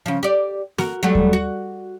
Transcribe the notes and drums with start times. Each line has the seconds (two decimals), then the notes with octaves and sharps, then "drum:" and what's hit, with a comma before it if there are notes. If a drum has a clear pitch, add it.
0.06 C#3 F3
0.23 G4 D5
0.78 F#4 A#4, drum: snare
1.03 F#3 G3 A3
1.15 drum: kick D#2
1.33 F#4